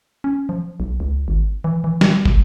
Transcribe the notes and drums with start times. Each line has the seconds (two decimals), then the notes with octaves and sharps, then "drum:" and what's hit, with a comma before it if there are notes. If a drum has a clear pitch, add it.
0.24 C#4
0.49 F3
0.80 B1
1.00 C#2
1.28 G#1
1.64 E3
1.84 E3
2.01 G3, drum: snare
2.25 drum: kick